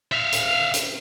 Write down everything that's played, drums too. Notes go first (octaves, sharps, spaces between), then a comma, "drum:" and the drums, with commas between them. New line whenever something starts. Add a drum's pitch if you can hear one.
E5 F5
drum: hi-hat
drum: hi-hat